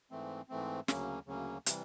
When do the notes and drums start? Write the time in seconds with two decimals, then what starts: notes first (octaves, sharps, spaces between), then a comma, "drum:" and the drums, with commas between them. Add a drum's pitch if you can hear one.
0.11 G#2 E3 A3 C4
0.49 G#2 E3 A3 C4
0.88 D2 C#3 F#3 A#3 C#4, drum: snare
1.26 D2 C#3 F#3 A#3 C#4
1.66 C3 E3 G3, drum: hi-hat